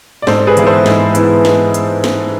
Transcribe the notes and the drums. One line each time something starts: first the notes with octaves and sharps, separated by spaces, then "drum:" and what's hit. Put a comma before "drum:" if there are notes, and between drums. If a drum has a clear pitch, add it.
D5
G#2 A4 C5, drum: snare
G#4 B4
E3 B3 E4, drum: hi-hat
A4 C5
G#2, drum: snare
E3 B3 E4, drum: hi-hat
drum: snare
drum: hi-hat
drum: snare